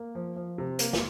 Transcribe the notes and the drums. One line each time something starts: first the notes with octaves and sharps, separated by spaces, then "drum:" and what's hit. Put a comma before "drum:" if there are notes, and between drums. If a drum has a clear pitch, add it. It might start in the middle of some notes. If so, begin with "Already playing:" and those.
Already playing: A#3
F3
F3
C3
A#3, drum: hi-hat
drum: snare